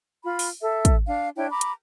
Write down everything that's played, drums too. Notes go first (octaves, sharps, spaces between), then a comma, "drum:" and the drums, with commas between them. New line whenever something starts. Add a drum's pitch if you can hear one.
F4 B5
drum: open hi-hat
A4 E5
drum: kick, hi-hat
D4 F5
D4 E4 C#5 G5
A#5 B5 D6
drum: hi-hat